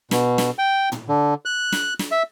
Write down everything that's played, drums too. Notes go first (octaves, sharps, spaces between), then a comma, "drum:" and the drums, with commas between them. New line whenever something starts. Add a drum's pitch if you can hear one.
B2, drum: snare
drum: snare
G5
drum: tom
D3
F#6
drum: snare
drum: snare
E5